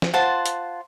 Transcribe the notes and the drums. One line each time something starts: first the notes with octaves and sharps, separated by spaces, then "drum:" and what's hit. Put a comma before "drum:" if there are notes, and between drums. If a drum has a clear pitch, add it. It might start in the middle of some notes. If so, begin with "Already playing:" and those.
drum: snare
F4 C5 F#5 A5
drum: hi-hat